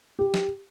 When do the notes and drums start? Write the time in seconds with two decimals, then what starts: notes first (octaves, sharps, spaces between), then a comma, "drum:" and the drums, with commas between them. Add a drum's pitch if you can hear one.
0.19 G4
0.34 drum: snare